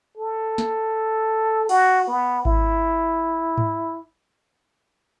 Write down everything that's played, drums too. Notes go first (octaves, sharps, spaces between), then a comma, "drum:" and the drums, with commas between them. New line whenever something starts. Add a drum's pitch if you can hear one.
A4
drum: snare
F#4, drum: cymbal
B3
E4, drum: kick G#1
drum: tom G#2